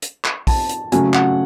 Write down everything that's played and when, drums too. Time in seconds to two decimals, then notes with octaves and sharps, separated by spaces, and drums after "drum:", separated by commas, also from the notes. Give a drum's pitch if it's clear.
0.02 drum: hi-hat
0.25 drum: clap
0.47 A5, drum: kick, open hi-hat
0.69 drum: hi-hat
0.92 C#3 F#3 A3 G#5, drum: hi-hat
1.14 F#5, drum: clap